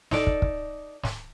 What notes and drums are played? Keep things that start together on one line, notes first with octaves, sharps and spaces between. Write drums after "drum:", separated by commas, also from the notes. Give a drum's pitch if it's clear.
D#4 A4 D5, drum: snare
drum: kick
drum: kick
drum: snare